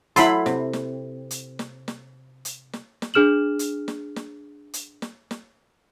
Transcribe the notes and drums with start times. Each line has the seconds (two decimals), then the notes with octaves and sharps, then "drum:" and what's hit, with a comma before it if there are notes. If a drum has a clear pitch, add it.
0.16 F#3 E4 A4 B5 C6, drum: hi-hat
0.46 C3, drum: snare
0.73 drum: snare
1.31 drum: hi-hat
1.59 drum: snare
1.88 drum: snare
2.45 drum: hi-hat
2.73 drum: snare
3.02 drum: snare
3.14 D4 G#4 F6 E7 F#7
3.59 drum: hi-hat
3.88 drum: snare
4.16 drum: snare
4.74 drum: hi-hat
5.02 drum: snare
5.31 drum: snare